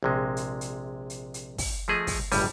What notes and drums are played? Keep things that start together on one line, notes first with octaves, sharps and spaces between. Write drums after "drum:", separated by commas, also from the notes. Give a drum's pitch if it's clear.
A#1 C3 G#3
drum: hi-hat
drum: hi-hat
drum: hi-hat
drum: hi-hat
drum: kick, open hi-hat
F3 A3 G#4 D#5
drum: kick, open hi-hat
G1 C#2 A2 G3 G#5, drum: open hi-hat